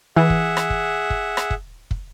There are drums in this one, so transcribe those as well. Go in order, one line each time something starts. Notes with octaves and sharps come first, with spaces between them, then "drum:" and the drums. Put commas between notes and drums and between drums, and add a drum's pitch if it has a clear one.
E3 G#4 E5 F#5
drum: kick
drum: rim click
drum: kick
drum: kick
drum: rim click
drum: kick
drum: kick